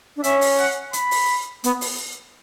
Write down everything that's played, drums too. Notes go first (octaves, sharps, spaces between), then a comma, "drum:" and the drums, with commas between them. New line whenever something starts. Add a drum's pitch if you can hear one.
D4
C#4 E5, drum: hi-hat
drum: open hi-hat
F#5
B5, drum: hi-hat
drum: open hi-hat
B3, drum: hi-hat
drum: open hi-hat